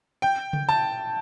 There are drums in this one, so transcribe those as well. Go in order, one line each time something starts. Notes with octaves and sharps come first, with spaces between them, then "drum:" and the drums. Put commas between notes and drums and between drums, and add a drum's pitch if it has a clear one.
G5
drum: tom C#3
A5